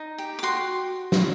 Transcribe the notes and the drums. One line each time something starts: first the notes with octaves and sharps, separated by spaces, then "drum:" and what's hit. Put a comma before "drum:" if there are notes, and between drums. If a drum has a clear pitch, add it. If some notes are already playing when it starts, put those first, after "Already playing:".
Already playing: D#4
G4
D6
F#4 C6
drum: snare